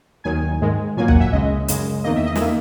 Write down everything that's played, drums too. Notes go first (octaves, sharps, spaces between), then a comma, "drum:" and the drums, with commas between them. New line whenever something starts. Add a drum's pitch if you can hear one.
D#2 D#3 F#3 G#5
G#2 D#3 G#3
A#2 F#3 A#3 G#5
F#5, drum: kick
E5
C#2 C#3 G#3 D#5
F#2 C#3 G#3, drum: hi-hat
E2 D#3 A#3 D#5
E5
D#5
E5, drum: snare
D#3 A#3